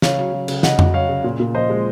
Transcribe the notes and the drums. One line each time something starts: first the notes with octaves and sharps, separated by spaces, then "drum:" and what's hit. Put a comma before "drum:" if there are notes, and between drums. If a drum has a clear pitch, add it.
C#3 C#5 F5, drum: snare
F#3
F#3
C#3, drum: cymbal
C#3 D#5 F#5, drum: snare
F#3, drum: tom F2
F#3 C#5 F5
C#3
A#2
A#2
F3 C5 D#5
G#3